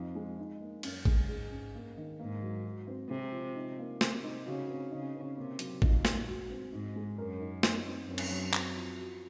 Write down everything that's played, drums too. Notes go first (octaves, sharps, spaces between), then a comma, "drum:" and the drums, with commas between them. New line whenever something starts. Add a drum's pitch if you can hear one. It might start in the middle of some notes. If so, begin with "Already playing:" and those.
Already playing: F2 C4 D#4
G#3
D#4
A#3
F#2 C#4, drum: cymbal
G#3, drum: kick G#1
G#2 G#4
C#4
A#3
D#3
G#2 A#3
F#3
F#4
C4
C3 G#3
F3
D#4
A#3
C3 A#4, drum: snare
D#4
C#3 F#4
C4
C#3 D#4
C4
C3 A#3
F#3, drum: hi-hat
A#2 D#4, drum: kick G#1
G#3, drum: snare
F#4
C4
G#2 D#4
G#3
F#2 A#4
D#4
D#4, drum: snare
C4
F#2 C4
drum: cymbal
F#3
C4, drum: clap
F3
F#4